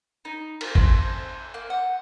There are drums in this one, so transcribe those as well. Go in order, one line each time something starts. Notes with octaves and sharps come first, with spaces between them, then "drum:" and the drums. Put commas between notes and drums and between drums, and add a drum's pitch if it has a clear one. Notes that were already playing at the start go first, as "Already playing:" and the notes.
D#4
A#4, drum: cymbal
C4, drum: kick G1
A#3
F#5